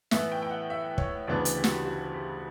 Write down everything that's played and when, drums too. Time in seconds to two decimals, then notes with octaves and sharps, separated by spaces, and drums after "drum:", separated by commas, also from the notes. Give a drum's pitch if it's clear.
0.11 A2 E3 B3 E5, drum: snare
0.32 G5
0.42 G5
0.50 F#5
0.70 E5
0.98 C#5, drum: kick
1.27 D2 C#3 E3 B3 D4 D5
1.45 drum: hi-hat
1.56 G4
1.64 F#4, drum: snare
1.72 G4
1.85 F#4
2.14 G4